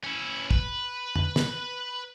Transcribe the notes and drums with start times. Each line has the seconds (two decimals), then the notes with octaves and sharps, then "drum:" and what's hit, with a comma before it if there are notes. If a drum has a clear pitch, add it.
0.04 C#4 E4
0.51 B4, drum: kick
1.16 drum: tom F2
1.36 drum: snare